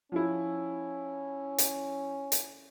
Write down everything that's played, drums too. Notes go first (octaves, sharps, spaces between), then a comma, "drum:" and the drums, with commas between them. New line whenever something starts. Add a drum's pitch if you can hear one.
F3 C#4 E4
drum: hi-hat
drum: hi-hat